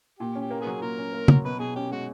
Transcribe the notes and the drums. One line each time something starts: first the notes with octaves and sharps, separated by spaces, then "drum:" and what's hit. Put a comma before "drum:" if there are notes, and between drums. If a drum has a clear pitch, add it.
A#2 G4
C#4
G4
A#3
B3 G#4
F#3
A#2 A#4
C#4
A#3
F#3, drum: tom
B2 B4
B2 G#4
C#4 G4
G#3 F#4